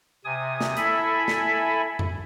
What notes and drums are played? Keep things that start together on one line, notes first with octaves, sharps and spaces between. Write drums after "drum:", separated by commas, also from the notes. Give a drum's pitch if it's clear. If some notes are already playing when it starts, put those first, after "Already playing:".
C3 G#5 D#6
drum: snare
E4 A4 E5 G#5 B5, drum: hi-hat
drum: snare
drum: tom F2